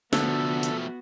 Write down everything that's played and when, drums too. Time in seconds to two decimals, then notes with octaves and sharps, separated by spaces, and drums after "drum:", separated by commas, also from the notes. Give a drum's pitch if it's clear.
0.13 D3 F3 A3 B3 F#4 A4, drum: snare
0.63 drum: hi-hat